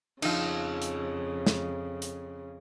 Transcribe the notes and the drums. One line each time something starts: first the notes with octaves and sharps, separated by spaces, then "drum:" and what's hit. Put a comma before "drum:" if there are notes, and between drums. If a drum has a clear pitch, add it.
F2 C#3 F3 D#4, drum: cymbal
drum: hi-hat
drum: snare
drum: hi-hat